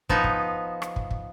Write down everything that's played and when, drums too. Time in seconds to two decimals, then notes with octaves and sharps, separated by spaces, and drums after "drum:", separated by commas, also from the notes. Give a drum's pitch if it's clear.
0.09 F3 B3 D#4, drum: kick
0.24 drum: kick
0.82 drum: rim click
0.96 drum: kick
1.11 drum: kick